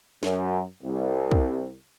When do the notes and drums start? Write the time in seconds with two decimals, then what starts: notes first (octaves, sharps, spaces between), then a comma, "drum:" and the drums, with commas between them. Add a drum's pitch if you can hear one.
0.23 F#2, drum: snare
0.83 C2
1.31 drum: kick